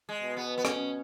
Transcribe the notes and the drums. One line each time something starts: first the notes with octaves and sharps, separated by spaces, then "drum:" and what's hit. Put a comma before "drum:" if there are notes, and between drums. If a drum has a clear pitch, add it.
G#3
B2
B3
B3
C#4, drum: rim click